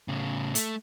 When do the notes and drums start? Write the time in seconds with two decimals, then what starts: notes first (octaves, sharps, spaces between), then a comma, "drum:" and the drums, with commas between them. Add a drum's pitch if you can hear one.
0.08 A2 C#3
0.55 A3, drum: hi-hat